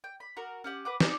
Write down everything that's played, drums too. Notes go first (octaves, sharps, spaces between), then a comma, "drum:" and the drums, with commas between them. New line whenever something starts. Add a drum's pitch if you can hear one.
G5
B5
F#4 A#4
C#4 G4 F#5
B4 F#5 D6
D#4 D5 G#5, drum: snare